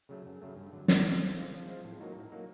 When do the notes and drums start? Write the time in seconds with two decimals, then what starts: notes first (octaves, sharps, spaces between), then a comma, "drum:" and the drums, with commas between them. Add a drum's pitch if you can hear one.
0.09 C#3 F#3 A3
0.26 F#2
0.41 C#3 F#3 A3
0.56 G2
0.73 D3 F#3
0.88 G2, drum: snare
1.05 D3 F#3
1.20 F3
1.36 G#3 C4 F4
1.52 F3
1.68 G#3 C4 F4
1.84 A2
2.00 F#3 A#3 D#4 F#4
2.16 A2
2.32 F#3 A#3 D#4 F#4